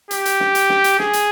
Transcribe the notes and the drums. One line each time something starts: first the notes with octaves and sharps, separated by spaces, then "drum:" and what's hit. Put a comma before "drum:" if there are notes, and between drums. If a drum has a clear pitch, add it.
G4, drum: hi-hat
drum: hi-hat
drum: snare
drum: hi-hat
drum: snare
drum: hi-hat
G#4, drum: snare
drum: hi-hat